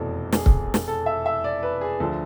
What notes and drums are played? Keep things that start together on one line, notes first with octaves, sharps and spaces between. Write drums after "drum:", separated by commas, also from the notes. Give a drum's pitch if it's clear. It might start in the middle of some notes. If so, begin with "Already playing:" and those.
Already playing: F1 E2 B2 A4
G#4, drum: snare
drum: kick C#1
drum: snare
A4
E5
E5
D5
B4
G#4
D2 D3 F3 A4